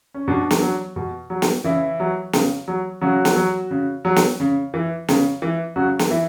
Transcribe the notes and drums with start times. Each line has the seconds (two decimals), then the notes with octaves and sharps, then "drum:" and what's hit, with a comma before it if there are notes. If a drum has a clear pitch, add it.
0.14 C#4
0.28 B2 D4
0.51 drum: snare
0.62 F#3
0.96 B2
1.30 F#3
1.42 drum: snare
1.64 C#3 E3 E4
2.00 F#3
2.33 C#3, drum: snare
2.68 F#3
3.01 C#3 F#3 F#4
3.25 drum: snare
3.36 F#3
3.71 C#3
4.05 F#3
4.16 drum: snare
4.40 C#3
4.74 E3
5.08 C#3, drum: snare
5.42 E3
5.76 C#3 F#3 F#4
5.99 drum: snare
6.10 E3 E4